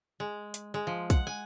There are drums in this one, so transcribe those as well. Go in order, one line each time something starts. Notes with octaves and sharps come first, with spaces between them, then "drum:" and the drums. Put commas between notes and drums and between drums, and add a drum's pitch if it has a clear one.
G#3
drum: hi-hat
G#3
F3
F#5, drum: kick, hi-hat
G#5